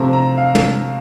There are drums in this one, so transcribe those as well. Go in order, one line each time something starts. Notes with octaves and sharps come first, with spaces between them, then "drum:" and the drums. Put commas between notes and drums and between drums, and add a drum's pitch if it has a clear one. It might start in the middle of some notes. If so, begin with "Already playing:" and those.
Already playing: C3 F3 A3 C4 A#5
A#5
F5
drum: tom